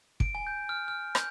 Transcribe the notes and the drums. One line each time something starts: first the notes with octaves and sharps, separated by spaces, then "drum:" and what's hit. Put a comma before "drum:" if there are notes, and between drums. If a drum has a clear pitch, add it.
D7, drum: kick
G#5
G6
F6
F6
G6, drum: rim click